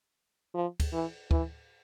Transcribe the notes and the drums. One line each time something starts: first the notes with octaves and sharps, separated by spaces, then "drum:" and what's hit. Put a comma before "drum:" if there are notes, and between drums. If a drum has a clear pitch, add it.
F3
drum: kick D2, cymbal
E3
E3, drum: kick D2